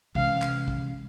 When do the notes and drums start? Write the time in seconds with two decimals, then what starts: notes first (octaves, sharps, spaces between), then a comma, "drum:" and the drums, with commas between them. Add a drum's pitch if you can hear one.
0.15 C3 E3 G#3 C#4 F5, drum: kick
0.42 drum: clap
0.68 drum: kick